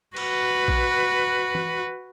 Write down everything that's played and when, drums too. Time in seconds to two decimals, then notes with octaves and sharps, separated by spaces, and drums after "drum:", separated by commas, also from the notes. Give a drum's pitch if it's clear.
0.16 F#4 B4, drum: cymbal
0.68 drum: kick A#1
1.55 drum: tom E3